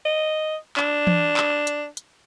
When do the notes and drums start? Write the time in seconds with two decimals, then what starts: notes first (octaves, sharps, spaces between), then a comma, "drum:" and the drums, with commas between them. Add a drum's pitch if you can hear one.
0.06 D#5
0.77 D4, drum: clap
1.07 drum: tom E3
1.37 drum: clap
1.67 drum: hi-hat
1.97 drum: hi-hat